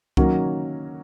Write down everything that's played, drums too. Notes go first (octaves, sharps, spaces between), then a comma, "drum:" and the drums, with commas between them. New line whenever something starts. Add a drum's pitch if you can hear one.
D#3 F#3 A#3 C#4 F#4, drum: kick C2